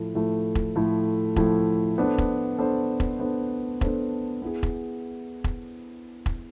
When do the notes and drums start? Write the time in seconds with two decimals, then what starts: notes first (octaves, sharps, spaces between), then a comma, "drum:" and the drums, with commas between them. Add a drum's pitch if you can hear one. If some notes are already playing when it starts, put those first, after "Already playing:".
Already playing: A2 F3 A3 E4 A4
0.15 A2 F3 A3 E4 A4
0.55 drum: kick E1
0.76 A2 F3 A3 E4 A4
1.36 A2 F3 A3 E4 A4, drum: kick E1
1.98 B3 D4 A4 C5
2.18 drum: kick E1
2.59 B3 D4 A4 C5
3.00 drum: kick E1
3.20 B3 D4 A4 C5
3.81 B3 D4 A4 C5, drum: kick E1
4.42 B3 E4 G#4
4.63 drum: kick E1
5.44 drum: kick E1
6.26 drum: kick E1